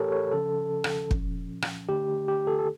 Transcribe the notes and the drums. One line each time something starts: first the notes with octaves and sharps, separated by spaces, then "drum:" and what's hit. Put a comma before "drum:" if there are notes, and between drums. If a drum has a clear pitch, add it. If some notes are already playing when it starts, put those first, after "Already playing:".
Already playing: A2 E3 A3 G4 A4 A#4 C#5
C#5
C#3 F3 C#4 A4
drum: rim click
A#2 F3 C#4, drum: kick
drum: rim click
D3 A3 D4 G4
G4
A4
A4